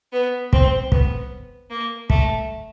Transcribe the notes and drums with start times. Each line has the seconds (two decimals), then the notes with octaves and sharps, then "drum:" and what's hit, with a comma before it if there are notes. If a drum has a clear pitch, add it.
0.13 B3
0.53 C4, drum: kick
0.92 B3, drum: kick
1.70 A#3
2.10 A3, drum: kick